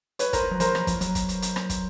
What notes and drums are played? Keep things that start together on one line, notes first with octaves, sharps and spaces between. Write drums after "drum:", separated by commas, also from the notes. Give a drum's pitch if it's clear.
B4 C#5, drum: hi-hat
A#4 C5, drum: kick, hi-hat
F#3
F3 A#4 C5, drum: hi-hat
F3, drum: rim click
F3, drum: kick, hi-hat
F#3, drum: hi-hat
drum: kick, hi-hat
drum: hi-hat
drum: hi-hat
drum: rim click
drum: kick, hi-hat